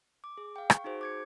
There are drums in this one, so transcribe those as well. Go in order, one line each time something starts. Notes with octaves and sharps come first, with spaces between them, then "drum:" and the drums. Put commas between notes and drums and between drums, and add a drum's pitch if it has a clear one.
D6
G#4
F5 G5
C#6, drum: rim click
D#4 F#4 G#4 C5
D6 G#6 C#7